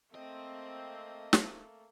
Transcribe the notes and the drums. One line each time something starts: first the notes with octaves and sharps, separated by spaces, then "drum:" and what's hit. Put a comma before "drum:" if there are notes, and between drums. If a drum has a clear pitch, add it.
A3 A#3 C4 D#5
drum: snare